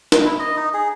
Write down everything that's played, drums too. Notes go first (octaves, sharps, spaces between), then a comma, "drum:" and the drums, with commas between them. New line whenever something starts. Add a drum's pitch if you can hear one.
drum: snare
E4
D#5
D#4
G#4